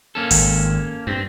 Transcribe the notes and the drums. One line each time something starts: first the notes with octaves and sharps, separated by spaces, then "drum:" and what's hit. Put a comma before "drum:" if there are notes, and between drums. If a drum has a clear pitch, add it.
A#3 C#4 A4
G#1, drum: open hi-hat
G2 C4